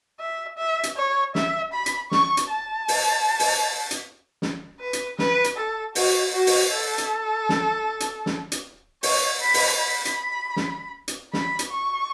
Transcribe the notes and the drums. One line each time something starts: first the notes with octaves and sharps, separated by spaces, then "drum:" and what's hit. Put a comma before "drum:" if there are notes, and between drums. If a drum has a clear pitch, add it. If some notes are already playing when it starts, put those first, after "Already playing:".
E5
E5
drum: hi-hat
C#5
E5, drum: snare
B5
drum: hi-hat
C#6, drum: snare
drum: hi-hat
A5
drum: open hi-hat
drum: open hi-hat
drum: hi-hat
drum: snare
B4
drum: hi-hat
B4, drum: snare
drum: hi-hat
A4
F#4, drum: open hi-hat
F#4
drum: open hi-hat
A4
drum: hi-hat
drum: snare
drum: hi-hat
drum: snare
drum: hi-hat
C#5, drum: open hi-hat
B5
drum: open hi-hat
B5
drum: hi-hat
drum: snare
drum: hi-hat
B5, drum: snare
drum: hi-hat
C#6